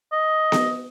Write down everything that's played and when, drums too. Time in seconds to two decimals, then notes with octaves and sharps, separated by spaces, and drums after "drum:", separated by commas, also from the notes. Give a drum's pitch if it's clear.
0.13 D#5
0.52 drum: snare B3